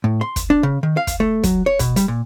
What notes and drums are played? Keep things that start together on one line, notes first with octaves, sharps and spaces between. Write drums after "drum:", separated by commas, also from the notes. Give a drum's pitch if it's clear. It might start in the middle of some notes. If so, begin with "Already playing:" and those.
A2
C6
drum: kick, hi-hat
D4
C#3
D#3
F5
drum: kick, hi-hat
A3
F#3, drum: kick, hi-hat
C#5
B2, drum: kick, hi-hat
G3, drum: hi-hat
A#2